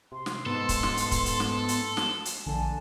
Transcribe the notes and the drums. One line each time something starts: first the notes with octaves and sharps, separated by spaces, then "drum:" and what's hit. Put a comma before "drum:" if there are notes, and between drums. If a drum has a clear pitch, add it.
C3 C6
drum: snare
G#2 B3 A4
drum: kick C#1, hi-hat
drum: snare
drum: hi-hat
drum: kick C#1, hi-hat
drum: hi-hat
drum: snare
drum: hi-hat
drum: snare
drum: hi-hat
A#1 D3 G#5 A5